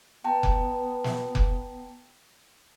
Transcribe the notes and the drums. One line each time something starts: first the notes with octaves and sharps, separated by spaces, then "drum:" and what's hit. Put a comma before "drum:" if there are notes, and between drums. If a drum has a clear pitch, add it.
B3 G5 A5 A#5
drum: kick F1
drum: snare
drum: kick F1